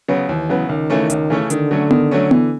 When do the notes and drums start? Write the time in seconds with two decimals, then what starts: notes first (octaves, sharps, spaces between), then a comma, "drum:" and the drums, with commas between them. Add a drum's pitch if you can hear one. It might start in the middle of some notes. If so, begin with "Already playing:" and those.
0.08 C#3 F#3 B3
0.28 D#2 E3
0.49 C#3 F#3 B3
0.69 C#2 D#3
0.90 C#3 E3 A3 C#4
1.10 C#2, drum: hi-hat
1.30 C#3 E3 A3 C#4
1.50 D3 D#3, drum: hi-hat
1.71 F#3 A3 C#4
1.91 D#3, drum: tom B3
2.11 F#3 A3 C#4
2.31 E3, drum: tom B3